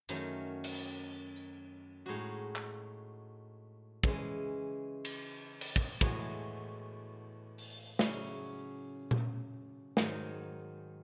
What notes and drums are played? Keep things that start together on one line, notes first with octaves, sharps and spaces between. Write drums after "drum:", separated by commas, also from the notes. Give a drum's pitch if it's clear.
F#2 D#3 F#3 A3, drum: hi-hat
drum: cymbal
drum: tambourine
A2 G#3 D#4 F#4
drum: clap
C#3 E3 G#3, drum: kick
drum: cymbal
drum: cymbal
drum: kick
A2 E3 G#3 B3 F#4, drum: kick
drum: open hi-hat
C#3 F#3 C#4 E4, drum: snare
drum: tom A#2
G#2 D#3 F#3, drum: snare